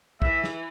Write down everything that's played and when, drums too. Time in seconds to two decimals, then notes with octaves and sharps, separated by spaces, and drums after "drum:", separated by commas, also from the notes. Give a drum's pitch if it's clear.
0.22 E3 E5, drum: kick
0.44 drum: snare